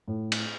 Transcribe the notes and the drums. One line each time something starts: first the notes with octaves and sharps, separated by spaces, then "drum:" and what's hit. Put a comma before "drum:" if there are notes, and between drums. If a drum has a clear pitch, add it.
A2
drum: cymbal